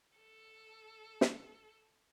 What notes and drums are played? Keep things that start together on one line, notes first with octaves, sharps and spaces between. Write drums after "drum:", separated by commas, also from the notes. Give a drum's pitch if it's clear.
A4
drum: snare